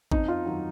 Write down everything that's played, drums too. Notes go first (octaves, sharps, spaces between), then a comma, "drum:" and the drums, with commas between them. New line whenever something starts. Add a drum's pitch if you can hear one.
F2 D#4, drum: kick
F4
D#3 F#3